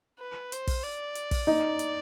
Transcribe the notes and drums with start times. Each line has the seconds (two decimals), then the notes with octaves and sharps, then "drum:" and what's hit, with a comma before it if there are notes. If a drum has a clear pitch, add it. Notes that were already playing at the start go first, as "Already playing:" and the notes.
0.19 B4
0.52 C5, drum: hi-hat
0.67 drum: kick, open hi-hat
0.83 D5
1.15 drum: hi-hat
1.31 drum: kick, open hi-hat
1.47 D#4
1.79 drum: hi-hat